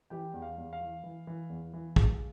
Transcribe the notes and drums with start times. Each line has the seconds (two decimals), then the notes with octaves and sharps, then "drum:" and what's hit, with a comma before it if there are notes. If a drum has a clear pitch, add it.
0.10 E3 G4 G5
0.33 E2
0.42 F5
0.58 E2
0.73 F5
0.81 E3
1.04 E3
1.27 E3
1.49 E2
1.73 E3
1.96 G#3, drum: kick